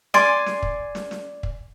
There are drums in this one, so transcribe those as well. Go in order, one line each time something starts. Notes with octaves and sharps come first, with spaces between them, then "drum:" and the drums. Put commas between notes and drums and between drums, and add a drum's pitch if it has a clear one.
D5 G#5 C6, drum: snare
drum: snare
drum: kick
drum: snare
drum: snare
drum: kick